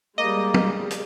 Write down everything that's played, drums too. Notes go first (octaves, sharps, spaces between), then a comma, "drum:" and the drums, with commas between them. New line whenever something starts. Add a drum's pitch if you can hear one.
G3 G#3 A#3 D#5
drum: tom
drum: hi-hat